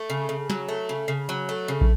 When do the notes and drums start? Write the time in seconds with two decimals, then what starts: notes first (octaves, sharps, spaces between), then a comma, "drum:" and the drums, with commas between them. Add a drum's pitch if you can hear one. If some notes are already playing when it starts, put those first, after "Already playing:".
Already playing: A3
0.10 C#3
0.29 C#3
0.50 F#3, drum: snare
0.68 A3
0.89 C#3
1.08 C#3
1.29 F#3
1.49 A3
1.68 C#3
1.81 drum: kick